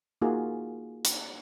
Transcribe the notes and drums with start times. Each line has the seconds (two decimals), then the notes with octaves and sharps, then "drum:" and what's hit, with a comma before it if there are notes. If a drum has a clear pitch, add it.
0.22 A#3 D#4 F4 F#4 G#4
1.05 drum: hi-hat